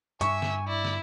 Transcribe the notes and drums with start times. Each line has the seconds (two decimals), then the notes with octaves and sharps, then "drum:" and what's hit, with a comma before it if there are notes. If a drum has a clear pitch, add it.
0.21 G2 E5 G#5 C#6, drum: hi-hat
0.42 drum: snare
0.67 E4 D5
0.85 drum: snare